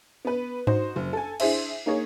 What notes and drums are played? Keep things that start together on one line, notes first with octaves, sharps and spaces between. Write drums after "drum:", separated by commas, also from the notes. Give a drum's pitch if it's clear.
B3 B4
D#4 F#4 C5, drum: tom G#2
F#1
A4 G#5
D4 E4 G#4 C5 E5, drum: cymbal
A#3 D#4 G#4 C#5